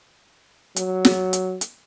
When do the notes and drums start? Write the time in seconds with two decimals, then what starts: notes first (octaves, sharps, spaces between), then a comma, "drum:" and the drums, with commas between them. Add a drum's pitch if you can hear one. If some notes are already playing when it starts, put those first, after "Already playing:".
0.76 F#3, drum: hi-hat
1.05 drum: snare
1.33 drum: hi-hat
1.61 drum: hi-hat